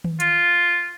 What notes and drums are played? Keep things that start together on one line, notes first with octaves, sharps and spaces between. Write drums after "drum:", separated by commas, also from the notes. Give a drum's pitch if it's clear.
drum: tom D#3
F4, drum: hi-hat